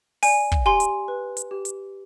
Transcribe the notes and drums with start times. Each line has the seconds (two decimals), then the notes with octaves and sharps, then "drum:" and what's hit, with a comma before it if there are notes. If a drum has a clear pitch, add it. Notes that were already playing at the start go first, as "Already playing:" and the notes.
0.23 D5 G#5, drum: open hi-hat
0.52 drum: kick
0.66 G4 G#5 C6
0.80 drum: hi-hat
1.08 B4
1.37 drum: hi-hat
1.51 G4
1.65 drum: hi-hat